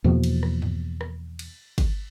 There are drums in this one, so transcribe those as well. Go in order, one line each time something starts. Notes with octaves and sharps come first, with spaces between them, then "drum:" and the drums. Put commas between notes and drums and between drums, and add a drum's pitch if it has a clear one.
E2 B2 F3 A#3
drum: cymbal
drum: rim click
drum: tom G2
drum: rim click
drum: cymbal
drum: kick, cymbal